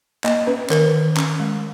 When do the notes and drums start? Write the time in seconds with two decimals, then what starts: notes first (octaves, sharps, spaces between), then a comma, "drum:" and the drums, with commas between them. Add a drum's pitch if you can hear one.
0.24 A#3 D#5, drum: clap
0.47 C#4 B4
0.70 D#3 A#4, drum: clap
0.93 D#3
1.17 C#4, drum: clap
1.40 G#3